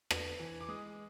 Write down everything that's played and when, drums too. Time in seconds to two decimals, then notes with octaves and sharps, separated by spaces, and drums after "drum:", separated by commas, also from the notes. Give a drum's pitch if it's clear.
0.11 B3, drum: rim click
0.40 E3
0.61 D6
0.68 G#3 D#6